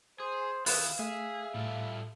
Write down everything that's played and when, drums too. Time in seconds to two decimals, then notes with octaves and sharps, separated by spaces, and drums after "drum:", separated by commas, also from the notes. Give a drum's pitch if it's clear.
0.20 G#4 C5 D#6
0.66 D#3 B3 E4 F5, drum: open hi-hat
0.99 A3 G#4 E5
1.54 A2 G3 F4 A4